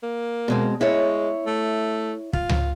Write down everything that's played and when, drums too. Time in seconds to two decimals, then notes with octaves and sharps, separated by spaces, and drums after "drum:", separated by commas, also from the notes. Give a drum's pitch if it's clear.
0.03 A#3
0.48 B2 G#3 C4
0.81 G#3 E4 C#5
1.46 A3
2.33 F4, drum: kick
2.49 drum: tom C#2